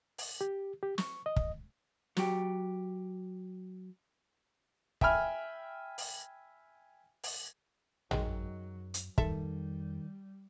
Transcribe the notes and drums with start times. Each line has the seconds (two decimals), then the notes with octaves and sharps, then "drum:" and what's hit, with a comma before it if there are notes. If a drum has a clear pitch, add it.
0.18 drum: open hi-hat
0.41 G4
0.83 G4
0.98 C#6, drum: snare
1.26 D#5
1.36 drum: kick
2.17 F#3 G4, drum: snare
5.01 E5 G5 G#5 B5 F6, drum: kick
5.98 drum: open hi-hat
7.23 drum: open hi-hat
8.11 F#2 D#3 F#3 G#3, drum: tom A1
8.94 drum: hi-hat
9.18 F2 D#3 G3 A4 E5, drum: kick